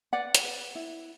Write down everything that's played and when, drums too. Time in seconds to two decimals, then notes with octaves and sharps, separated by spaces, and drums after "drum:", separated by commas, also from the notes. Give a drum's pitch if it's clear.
0.13 B4 D5 F#5
0.35 drum: hi-hat
0.44 B4
0.75 E4